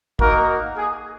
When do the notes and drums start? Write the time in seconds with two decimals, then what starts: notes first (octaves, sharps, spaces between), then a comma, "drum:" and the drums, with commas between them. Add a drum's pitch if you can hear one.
0.19 A#3 D#4 F#4 A#4, drum: kick
0.77 G#4